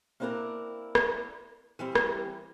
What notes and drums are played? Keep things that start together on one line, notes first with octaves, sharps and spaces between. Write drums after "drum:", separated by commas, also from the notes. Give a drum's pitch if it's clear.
A#3 C4 D4 E4 A#4 D5
drum: rim click
E3 G3 C4
drum: rim click